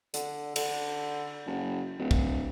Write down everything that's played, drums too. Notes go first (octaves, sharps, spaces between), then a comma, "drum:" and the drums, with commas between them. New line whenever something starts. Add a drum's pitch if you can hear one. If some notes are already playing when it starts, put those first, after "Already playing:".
D3, drum: hi-hat
D3, drum: cymbal
F#1
D1
drum: kick B1